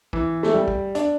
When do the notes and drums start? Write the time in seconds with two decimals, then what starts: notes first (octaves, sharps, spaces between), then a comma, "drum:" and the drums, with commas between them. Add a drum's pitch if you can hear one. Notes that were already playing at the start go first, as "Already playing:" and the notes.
0.13 E3, drum: kick
0.43 A3, drum: snare
0.54 G3
0.68 drum: kick
0.95 D4, drum: hi-hat